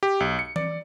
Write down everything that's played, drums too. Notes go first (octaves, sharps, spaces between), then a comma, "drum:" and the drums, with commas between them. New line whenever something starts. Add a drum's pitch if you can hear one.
G4
B1
C#7
D5, drum: tom E3